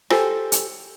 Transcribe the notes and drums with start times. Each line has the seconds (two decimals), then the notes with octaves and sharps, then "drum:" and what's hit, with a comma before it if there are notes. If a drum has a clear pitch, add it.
0.10 G4 A4 C5 G#5, drum: rim click
0.52 drum: hi-hat